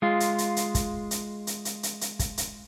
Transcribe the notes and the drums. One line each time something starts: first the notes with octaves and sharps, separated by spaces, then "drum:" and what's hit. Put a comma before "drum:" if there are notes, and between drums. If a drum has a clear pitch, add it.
G#3 F4
drum: hi-hat
drum: hi-hat
drum: hi-hat
drum: kick, hi-hat
drum: hi-hat
drum: hi-hat
drum: hi-hat
drum: hi-hat
drum: hi-hat
drum: kick, hi-hat
drum: hi-hat